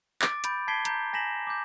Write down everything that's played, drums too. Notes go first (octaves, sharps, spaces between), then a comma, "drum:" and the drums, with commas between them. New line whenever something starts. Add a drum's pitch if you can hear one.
D6 A6 D7, drum: clap
B5 G6 A6 D7, drum: hi-hat
A5 G#6 B6 C7 D7 G7
A#5 G6, drum: hi-hat
G#5 A#6 B6 E7 F#7
D6 G6